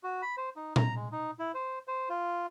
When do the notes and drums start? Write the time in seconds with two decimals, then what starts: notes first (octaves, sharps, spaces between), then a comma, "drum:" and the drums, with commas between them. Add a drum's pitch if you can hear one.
0.03 F#4
0.22 B5
0.37 C5
0.56 D#4
0.76 A#5, drum: tom A#2
0.96 G#3
1.12 D#4
1.39 E4
1.54 C5
1.88 C5
2.09 F4